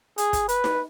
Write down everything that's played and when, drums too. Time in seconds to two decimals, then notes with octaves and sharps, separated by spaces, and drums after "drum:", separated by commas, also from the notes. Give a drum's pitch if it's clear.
0.18 G#4, drum: hi-hat
0.33 drum: kick, hi-hat
0.49 B4, drum: hi-hat
0.64 drum: snare D#4